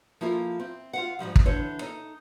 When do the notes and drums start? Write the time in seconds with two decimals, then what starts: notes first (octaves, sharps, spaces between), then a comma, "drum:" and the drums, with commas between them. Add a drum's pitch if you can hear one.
0.21 F3 A#3 E4 F4 A4
0.60 C4
0.93 F4 F5 F#5
1.19 G#2 C#3 F3 G3
1.36 drum: kick
1.46 D3 E3 E4 C5 C#5
1.82 D#4 A4